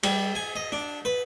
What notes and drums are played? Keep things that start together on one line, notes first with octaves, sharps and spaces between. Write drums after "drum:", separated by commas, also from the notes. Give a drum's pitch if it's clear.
G3, drum: cymbal
G#5
D#5
D4
B4